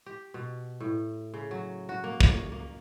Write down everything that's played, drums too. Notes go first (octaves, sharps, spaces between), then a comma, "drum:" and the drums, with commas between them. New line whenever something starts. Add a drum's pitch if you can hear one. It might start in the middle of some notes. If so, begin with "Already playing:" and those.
G4
B2
A2
C#3
F#3
F#4
A#3
C#5, drum: kick
A#3